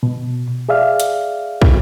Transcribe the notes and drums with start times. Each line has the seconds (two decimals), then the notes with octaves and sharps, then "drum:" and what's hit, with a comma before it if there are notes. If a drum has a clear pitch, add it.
0.03 B2
0.69 G#4 D5 E5 F5 F6
1.00 drum: hi-hat
1.62 drum: kick